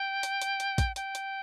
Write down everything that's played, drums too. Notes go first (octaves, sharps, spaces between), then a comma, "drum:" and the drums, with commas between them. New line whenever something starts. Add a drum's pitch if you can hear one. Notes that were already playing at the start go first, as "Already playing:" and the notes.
Already playing: G5
drum: hi-hat
drum: hi-hat
drum: hi-hat
drum: kick, hi-hat
G5, drum: hi-hat
drum: hi-hat